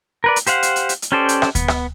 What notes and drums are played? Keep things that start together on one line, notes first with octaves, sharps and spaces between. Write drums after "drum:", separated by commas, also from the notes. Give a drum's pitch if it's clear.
A#4 B4 D5
drum: hi-hat
G4 C5 F5 F#5, drum: hi-hat
drum: hi-hat
drum: hi-hat
drum: hi-hat
drum: hi-hat
C#4 G4 A4 C5 D5
drum: hi-hat
drum: rim click
B3, drum: kick D2, hi-hat
drum: rim click